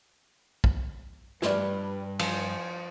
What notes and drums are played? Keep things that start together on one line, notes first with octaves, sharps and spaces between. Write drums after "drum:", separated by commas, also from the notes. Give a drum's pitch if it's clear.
drum: kick
G2 G3 B4 D5 F6 G#6, drum: snare
F3 G#5, drum: cymbal